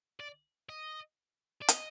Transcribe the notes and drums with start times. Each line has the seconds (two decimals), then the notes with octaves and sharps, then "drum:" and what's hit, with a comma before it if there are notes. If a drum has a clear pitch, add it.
0.20 D5
0.69 D#5
1.62 D5
1.68 D#5, drum: hi-hat